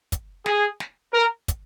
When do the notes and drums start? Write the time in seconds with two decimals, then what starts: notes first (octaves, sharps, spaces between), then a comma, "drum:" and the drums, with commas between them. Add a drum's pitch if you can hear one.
0.12 drum: kick, hi-hat
0.46 G#4, drum: snare
0.80 drum: snare
1.14 A#4
1.48 drum: kick, hi-hat